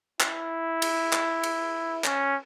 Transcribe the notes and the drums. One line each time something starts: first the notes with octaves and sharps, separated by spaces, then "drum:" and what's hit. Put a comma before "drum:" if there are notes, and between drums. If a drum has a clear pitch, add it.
E4, drum: clap
drum: cymbal
drum: clap
drum: cymbal
C#4, drum: clap